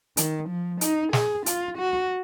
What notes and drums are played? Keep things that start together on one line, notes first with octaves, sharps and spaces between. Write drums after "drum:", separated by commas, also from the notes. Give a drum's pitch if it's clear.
D#3, drum: hi-hat
F3
D#4, drum: hi-hat
G#4, drum: snare
F4, drum: hi-hat
F#4